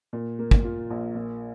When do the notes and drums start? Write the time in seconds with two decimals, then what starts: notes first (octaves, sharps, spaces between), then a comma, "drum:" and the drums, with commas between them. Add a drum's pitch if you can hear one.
0.13 A#2
0.39 A#3
0.51 drum: kick
0.64 F4
0.90 A#1
1.15 A#2